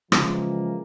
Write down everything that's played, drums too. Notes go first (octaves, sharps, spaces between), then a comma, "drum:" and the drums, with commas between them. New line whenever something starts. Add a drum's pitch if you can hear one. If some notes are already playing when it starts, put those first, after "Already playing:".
C#3 E3 F3 G#3 A#3, drum: rim click